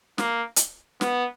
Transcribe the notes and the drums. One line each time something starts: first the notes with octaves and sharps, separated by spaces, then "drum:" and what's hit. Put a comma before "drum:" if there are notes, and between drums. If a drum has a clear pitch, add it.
A#3, drum: snare
drum: hi-hat
B3, drum: snare